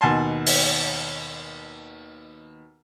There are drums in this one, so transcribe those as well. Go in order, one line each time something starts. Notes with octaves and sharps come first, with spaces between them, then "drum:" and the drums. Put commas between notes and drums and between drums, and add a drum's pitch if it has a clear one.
D#2 B2 F#5 G#5 A5 C6
drum: open hi-hat